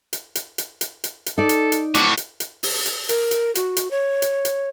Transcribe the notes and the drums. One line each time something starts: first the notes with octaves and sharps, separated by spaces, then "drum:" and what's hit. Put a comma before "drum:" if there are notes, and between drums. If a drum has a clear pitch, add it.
drum: hi-hat
drum: hi-hat
drum: hi-hat
drum: hi-hat
drum: hi-hat
drum: hi-hat
D#4 A4 D5
drum: hi-hat
drum: hi-hat
A2 F#4 D6, drum: hi-hat
drum: hi-hat
drum: hi-hat
drum: open hi-hat
drum: hi-hat
A#4, drum: hi-hat
drum: hi-hat
F#4, drum: hi-hat
drum: hi-hat
C#5
drum: hi-hat
drum: hi-hat